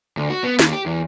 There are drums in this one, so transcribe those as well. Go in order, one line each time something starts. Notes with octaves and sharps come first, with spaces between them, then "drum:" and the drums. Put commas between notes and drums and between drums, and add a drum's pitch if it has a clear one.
D2
F#4
B3
D#2, drum: snare
G4
E2